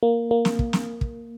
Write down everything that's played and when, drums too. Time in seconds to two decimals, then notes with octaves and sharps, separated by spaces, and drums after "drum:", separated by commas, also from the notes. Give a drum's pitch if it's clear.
0.03 A#3
0.31 A#3
0.45 drum: snare
0.59 drum: kick
0.73 drum: snare
1.01 drum: kick